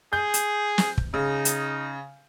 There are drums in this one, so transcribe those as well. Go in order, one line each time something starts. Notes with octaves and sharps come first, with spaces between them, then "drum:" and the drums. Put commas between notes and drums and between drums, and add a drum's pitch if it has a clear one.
G#4 G6
drum: hi-hat
drum: snare
drum: kick
C#3 D#4
drum: hi-hat